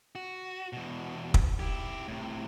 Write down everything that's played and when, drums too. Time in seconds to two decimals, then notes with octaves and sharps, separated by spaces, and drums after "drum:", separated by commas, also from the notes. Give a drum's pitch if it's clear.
0.15 F#4
0.73 E2 B2
1.34 drum: kick
1.59 E4 G4
2.08 A2 C3